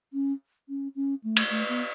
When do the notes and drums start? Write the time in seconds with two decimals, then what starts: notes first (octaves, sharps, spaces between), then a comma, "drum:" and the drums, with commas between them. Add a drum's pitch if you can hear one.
0.13 C#4
0.69 C#4
0.96 C#4
1.24 A3
1.36 drum: cymbal
1.50 A3
1.69 B3